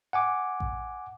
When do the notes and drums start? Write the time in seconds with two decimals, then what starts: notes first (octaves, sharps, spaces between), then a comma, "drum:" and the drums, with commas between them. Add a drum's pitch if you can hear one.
0.13 F#5 G#5 D6
0.60 drum: kick A1